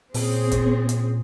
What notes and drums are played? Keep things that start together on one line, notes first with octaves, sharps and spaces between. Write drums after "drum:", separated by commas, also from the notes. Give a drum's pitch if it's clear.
A#2 C4 C#4 G#4, drum: open hi-hat
drum: kick, hi-hat
drum: hi-hat